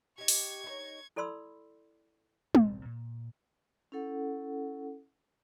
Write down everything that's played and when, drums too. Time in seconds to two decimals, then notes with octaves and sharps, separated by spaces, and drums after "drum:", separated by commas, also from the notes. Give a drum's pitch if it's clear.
0.18 D#4 G4 C#6 G#6
0.28 drum: open hi-hat
0.64 D#4 E4 C#5
1.16 E4 A4 D5 B5 C6 E6
2.55 E1 A1 C4, drum: tom
2.85 A#2
3.92 C#4 E4 A4 F#5